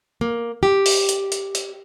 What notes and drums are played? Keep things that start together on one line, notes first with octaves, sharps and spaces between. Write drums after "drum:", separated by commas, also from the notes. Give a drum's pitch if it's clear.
A#3
G4
drum: open hi-hat
drum: hi-hat
drum: hi-hat
drum: hi-hat